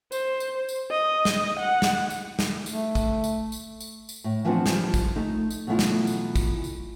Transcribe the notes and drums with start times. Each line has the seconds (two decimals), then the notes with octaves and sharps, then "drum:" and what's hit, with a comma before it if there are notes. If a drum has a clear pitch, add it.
0.12 C5, drum: tambourine
0.40 drum: tambourine
0.69 drum: tambourine
0.90 D#5
1.25 drum: snare
1.59 F#5
1.82 drum: snare
2.10 drum: tambourine
2.39 drum: snare
2.66 A3, drum: tambourine
2.95 drum: kick, tambourine
3.24 drum: tambourine
3.52 drum: tambourine
3.80 drum: tambourine
4.09 drum: tambourine
4.24 A2
4.45 E3 F3 B3 C4 D4 F#4
4.66 F3 G3, drum: snare
4.94 drum: kick, tambourine
5.16 A3 D#4
5.51 drum: tambourine
5.67 B2 E3 F#3 A3 E4 F4
5.79 drum: snare
6.07 drum: tambourine
6.36 drum: kick, tambourine
6.64 drum: tambourine